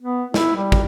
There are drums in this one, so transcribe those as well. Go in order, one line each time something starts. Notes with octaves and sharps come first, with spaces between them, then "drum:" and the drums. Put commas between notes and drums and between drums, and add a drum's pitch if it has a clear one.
B3
E4, drum: snare
G3
drum: kick